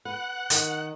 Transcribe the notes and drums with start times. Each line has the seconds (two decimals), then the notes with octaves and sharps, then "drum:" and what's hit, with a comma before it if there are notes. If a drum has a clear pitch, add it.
0.05 B4 F#5
0.50 D#3, drum: hi-hat